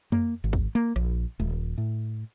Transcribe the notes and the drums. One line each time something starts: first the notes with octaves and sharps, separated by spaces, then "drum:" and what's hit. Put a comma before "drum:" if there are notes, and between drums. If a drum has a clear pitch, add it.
A#3, drum: tom F2
G#1
drum: kick C#2, open hi-hat
A#3
A#1, drum: rim click
D#1, drum: tom
A2